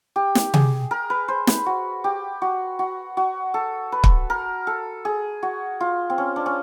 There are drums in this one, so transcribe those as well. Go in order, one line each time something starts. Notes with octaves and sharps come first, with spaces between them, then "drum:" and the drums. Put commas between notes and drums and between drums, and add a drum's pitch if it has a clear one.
G4
drum: snare
G#4, drum: tom C3
A#4
B4
C5
B4, drum: snare
F#4
G4
F#4
F#4
F#4
A4
B4
drum: kick
A#4
A4
G#4
F#4
F4
C4
C#4
D4
C#4